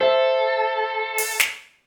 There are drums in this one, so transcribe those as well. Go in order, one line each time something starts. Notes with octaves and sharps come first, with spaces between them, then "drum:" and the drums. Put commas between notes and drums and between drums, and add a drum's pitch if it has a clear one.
A4 C5 E5
drum: open hi-hat
drum: snare